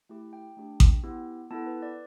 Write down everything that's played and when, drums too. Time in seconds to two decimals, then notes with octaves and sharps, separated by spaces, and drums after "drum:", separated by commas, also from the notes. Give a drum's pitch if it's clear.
0.09 A3 E4 G4
0.33 G5
0.57 A3 D4 G4
0.80 drum: kick A1
1.04 B3 E4 G4
1.51 B3 E4 A4 A5
1.67 B4
1.82 D5